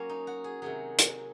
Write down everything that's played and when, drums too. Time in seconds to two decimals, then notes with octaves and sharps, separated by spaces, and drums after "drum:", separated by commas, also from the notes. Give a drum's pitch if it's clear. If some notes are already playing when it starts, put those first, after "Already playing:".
Already playing: F#3 A#3 C#4
0.09 D#4
0.27 F#4
0.44 G#4
0.62 C3 D#3 F#3 G#4
0.99 drum: hi-hat